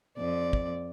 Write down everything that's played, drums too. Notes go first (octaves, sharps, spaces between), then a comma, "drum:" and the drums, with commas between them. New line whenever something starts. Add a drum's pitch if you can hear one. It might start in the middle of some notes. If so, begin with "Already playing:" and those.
F2 D5
drum: kick